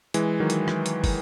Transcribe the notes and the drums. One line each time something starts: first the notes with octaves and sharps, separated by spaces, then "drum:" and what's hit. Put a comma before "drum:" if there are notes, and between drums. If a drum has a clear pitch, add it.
E3 G#3, drum: hi-hat
D#3 F#3
drum: hi-hat
drum: rim click
drum: hi-hat
drum: kick, open hi-hat